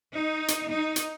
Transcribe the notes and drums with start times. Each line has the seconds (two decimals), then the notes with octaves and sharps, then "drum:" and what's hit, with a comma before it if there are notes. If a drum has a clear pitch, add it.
0.14 D#4
0.48 drum: hi-hat
0.72 D#4
0.96 drum: hi-hat